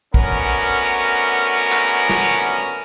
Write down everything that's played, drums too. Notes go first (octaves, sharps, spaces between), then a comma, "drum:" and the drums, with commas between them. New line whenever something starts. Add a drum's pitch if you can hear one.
D2 B3 C#4 A#4, drum: kick
drum: clap
drum: snare